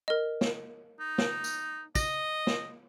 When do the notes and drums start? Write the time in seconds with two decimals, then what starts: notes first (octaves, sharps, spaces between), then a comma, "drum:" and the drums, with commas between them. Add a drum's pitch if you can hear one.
0.08 A#4 D#5
0.41 drum: snare
1.00 D#4
1.18 drum: snare
1.44 drum: tambourine
1.95 D#5 A#6, drum: kick, tambourine
2.47 drum: snare